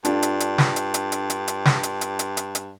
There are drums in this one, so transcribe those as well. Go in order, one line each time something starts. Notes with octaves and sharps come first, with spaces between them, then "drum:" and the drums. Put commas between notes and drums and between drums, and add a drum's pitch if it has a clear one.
G2 D4 F4 A4, drum: hi-hat
drum: hi-hat
drum: hi-hat
drum: snare
drum: hi-hat
drum: hi-hat
drum: hi-hat
drum: hi-hat
drum: hi-hat
drum: snare
drum: hi-hat
drum: hi-hat
drum: hi-hat
drum: hi-hat
drum: hi-hat